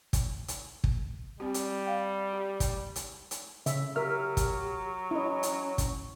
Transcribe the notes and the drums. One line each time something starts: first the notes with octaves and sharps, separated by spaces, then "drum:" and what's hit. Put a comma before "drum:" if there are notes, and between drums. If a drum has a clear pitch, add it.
drum: kick, hi-hat
drum: hi-hat
drum: kick
G3 C4 G4
drum: hi-hat
F5 G5
G4
drum: kick, hi-hat
drum: hi-hat
drum: hi-hat
C#3 E5, drum: hi-hat
F#3 G4 A#4 E5 F6
drum: kick, hi-hat
C#4 E4 D#5
drum: hi-hat
drum: kick, hi-hat